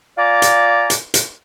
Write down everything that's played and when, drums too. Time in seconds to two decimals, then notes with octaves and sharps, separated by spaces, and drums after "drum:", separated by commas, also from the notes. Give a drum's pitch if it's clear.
0.18 F4 D5 G#5 A#5 D6
0.42 drum: hi-hat
0.90 drum: hi-hat
1.14 drum: hi-hat